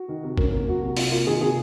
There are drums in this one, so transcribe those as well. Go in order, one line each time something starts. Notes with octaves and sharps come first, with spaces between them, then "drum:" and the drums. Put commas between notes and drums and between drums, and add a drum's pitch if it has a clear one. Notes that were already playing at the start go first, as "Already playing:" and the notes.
Already playing: F#4
D#3
C3
C#4 A#4, drum: kick
A#3
F#3 F#4
C3
C3 F4, drum: open hi-hat
A#3 F4
D#3 G#4
C3 G#4